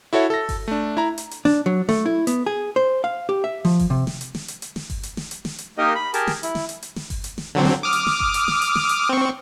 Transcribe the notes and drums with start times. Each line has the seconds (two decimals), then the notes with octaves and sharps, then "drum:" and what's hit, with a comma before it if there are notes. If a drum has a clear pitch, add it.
0.13 E4 F#4 A4 C#5 E5
0.30 A4 A#6
0.49 drum: kick G1, open hi-hat
0.68 A3 D4
0.97 E4 A#5
1.18 drum: hi-hat
1.31 drum: hi-hat
1.45 D4, drum: snare
1.66 F#3
1.89 A3, drum: snare
2.06 E4
2.27 B3, drum: hi-hat
2.46 G#4
2.76 C5
3.04 F5
3.29 G4
3.44 E5
3.65 F3, drum: snare
3.79 drum: kick G1, open hi-hat
3.90 C3
4.07 drum: snare
4.21 drum: hi-hat
4.35 drum: snare
4.48 drum: hi-hat
4.62 drum: hi-hat
4.76 drum: snare
4.90 drum: kick G1, open hi-hat
5.03 drum: hi-hat
5.17 drum: snare
5.31 drum: hi-hat
5.45 drum: snare
5.59 drum: hi-hat
5.78 A#3 D#4 G4 A#4 D#5
5.95 B5
6.14 G4 G#4 A#4 A5, drum: hi-hat
6.27 drum: snare
6.43 E4, drum: hi-hat
6.55 drum: snare
6.69 drum: hi-hat
6.83 drum: hi-hat
6.96 drum: snare
7.10 drum: kick G1, open hi-hat
7.24 drum: hi-hat
7.38 drum: snare
7.55 D3 F#3 C4
7.65 drum: snare
7.83 D6 D#6 F6
7.93 drum: hi-hat
8.07 drum: snare
8.20 drum: kick G1
8.34 drum: hi-hat
8.48 drum: snare
8.62 drum: hi-hat
8.75 drum: snare
8.89 drum: hi-hat
9.09 C4 C#6